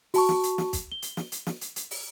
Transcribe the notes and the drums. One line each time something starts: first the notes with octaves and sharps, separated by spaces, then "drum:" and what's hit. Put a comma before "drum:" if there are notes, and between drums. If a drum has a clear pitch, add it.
F#4 A5 C#6, drum: open hi-hat
drum: snare
drum: hi-hat
drum: snare
drum: kick, hi-hat
G7
drum: hi-hat
drum: snare
drum: hi-hat
drum: snare
drum: hi-hat
drum: hi-hat
drum: open hi-hat